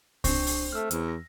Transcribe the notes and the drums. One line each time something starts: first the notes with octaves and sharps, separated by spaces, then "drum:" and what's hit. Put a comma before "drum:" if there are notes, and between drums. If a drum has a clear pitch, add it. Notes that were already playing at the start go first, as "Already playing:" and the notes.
C4 D4 C#6, drum: kick C2, open hi-hat
drum: open hi-hat
A3 E6 F6
E2, drum: hi-hat
A#6